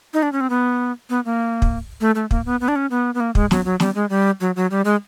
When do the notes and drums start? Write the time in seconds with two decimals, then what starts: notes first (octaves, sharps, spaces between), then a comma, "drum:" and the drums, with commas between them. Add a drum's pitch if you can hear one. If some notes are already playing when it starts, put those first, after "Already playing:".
0.14 D#4
0.23 D4
0.32 C#4
0.41 C4
0.50 B3
1.10 B3
1.25 A#3
1.62 drum: kick
2.01 A3
2.15 A3
2.31 A#3, drum: kick
2.46 B3
2.61 B3
2.68 D4
2.76 C#4
2.91 B3
3.15 B3
3.20 A#3
3.35 G#3, drum: kick
3.51 F#3, drum: snare
3.65 F#3
3.80 G3, drum: snare
3.95 G#3
4.10 G3
4.41 F#3
4.56 F#3
4.71 G3
4.85 G#3